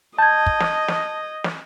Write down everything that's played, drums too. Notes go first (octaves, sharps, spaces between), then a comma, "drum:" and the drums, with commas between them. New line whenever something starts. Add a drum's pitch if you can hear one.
D#5 A5 G6 G#6
drum: kick
drum: snare
drum: snare
drum: snare